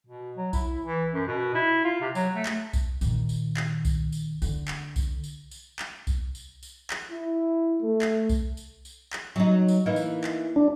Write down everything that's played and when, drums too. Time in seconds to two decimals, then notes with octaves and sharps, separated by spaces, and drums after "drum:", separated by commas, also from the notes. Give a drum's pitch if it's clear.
0.07 B2
0.37 F#3
0.53 E4, drum: kick B1, tambourine
0.86 E3
1.14 F#2
1.28 B2
1.55 E4
1.85 F4
2.01 C3
2.15 F#3, drum: tambourine
2.35 A3
2.46 drum: clap
2.73 drum: kick B1, tambourine
3.01 A#2 D#3, drum: tambourine
3.29 drum: tambourine
3.57 drum: clap
3.85 drum: kick B1, tambourine
4.12 drum: tambourine
4.42 D3, drum: tambourine
4.68 drum: clap
4.96 drum: kick B1, tambourine
5.24 drum: tambourine
5.51 drum: tambourine
5.79 drum: clap
6.07 drum: kick B1, tambourine
6.35 drum: tambourine
6.63 drum: tambourine
6.90 drum: clap
7.11 E4
7.82 A3
8.02 drum: clap
8.29 drum: kick B1, tambourine
8.57 drum: tambourine
8.85 drum: tambourine
9.13 drum: clap
9.36 F#3 D#4
9.68 drum: tambourine
9.86 E3 A#3 D#4
9.96 drum: tambourine
10.24 drum: clap
10.56 D4